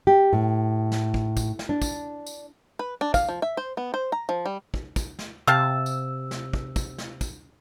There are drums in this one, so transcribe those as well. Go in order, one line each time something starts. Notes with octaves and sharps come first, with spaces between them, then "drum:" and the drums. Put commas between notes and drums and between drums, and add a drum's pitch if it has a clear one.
G4
A2
drum: snare
drum: kick
drum: kick, tambourine
drum: snare
D4
drum: kick, tambourine
drum: tambourine
B4
D4
F5, drum: kick, tambourine
F3
E5
C5
B3
C5
A#5
F3
G3
drum: kick
drum: kick, tambourine
drum: snare
C3 G4 F5 A5 E6
drum: tambourine
drum: snare
drum: kick
drum: kick, tambourine
drum: snare
drum: kick, tambourine